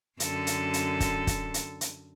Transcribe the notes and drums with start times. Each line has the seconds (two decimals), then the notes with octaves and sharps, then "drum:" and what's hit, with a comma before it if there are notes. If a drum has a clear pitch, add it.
0.20 F#2 D3 A4, drum: hi-hat
0.47 drum: hi-hat
0.74 drum: hi-hat
1.00 drum: kick, hi-hat
1.27 drum: kick, hi-hat
1.54 drum: hi-hat
1.81 drum: hi-hat